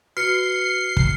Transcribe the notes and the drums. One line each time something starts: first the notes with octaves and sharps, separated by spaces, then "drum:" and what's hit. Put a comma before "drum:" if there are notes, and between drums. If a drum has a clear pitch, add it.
F#4 B4 F6 C7 C#7
drum: kick